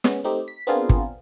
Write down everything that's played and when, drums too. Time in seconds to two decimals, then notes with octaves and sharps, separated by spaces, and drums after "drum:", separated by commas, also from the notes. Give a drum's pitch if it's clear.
0.04 G#3 B3 C#4, drum: snare
0.24 A3 C4 D#4 G4
0.48 B6
0.67 B3 C4 D4 F4 G#4 A#4
0.89 drum: kick